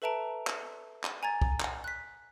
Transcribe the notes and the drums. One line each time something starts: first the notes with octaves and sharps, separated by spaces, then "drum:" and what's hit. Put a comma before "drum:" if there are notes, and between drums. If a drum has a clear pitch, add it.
A4 B4 E5 A5 A#5 D7
drum: clap
drum: clap
G#5 A#5 G#6 A6
drum: kick
drum: clap
F#6 B6